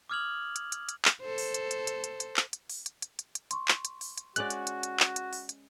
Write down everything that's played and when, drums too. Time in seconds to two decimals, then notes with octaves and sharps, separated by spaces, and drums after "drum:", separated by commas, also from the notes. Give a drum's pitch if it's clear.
0.10 D6 D#6 F6 G#6 F7 F#7
0.56 drum: hi-hat
0.72 drum: hi-hat
0.89 drum: hi-hat
1.05 drum: clap
1.21 A4 C5
1.38 drum: open hi-hat
1.54 drum: hi-hat
1.71 drum: hi-hat
1.87 drum: hi-hat
2.04 drum: hi-hat
2.20 drum: hi-hat
2.37 drum: clap
2.53 drum: hi-hat
2.70 drum: open hi-hat
2.86 drum: hi-hat
3.02 drum: hi-hat
3.19 drum: hi-hat
3.35 drum: hi-hat
3.51 C6 C#6, drum: hi-hat
3.68 drum: clap
3.85 drum: hi-hat
4.01 drum: open hi-hat
4.18 drum: hi-hat
4.36 G#3 C#4 F#4 D5 F#6, drum: hi-hat
4.50 drum: hi-hat
4.67 drum: hi-hat
4.83 drum: hi-hat
5.00 drum: clap
5.16 drum: hi-hat
5.33 drum: open hi-hat
5.49 drum: hi-hat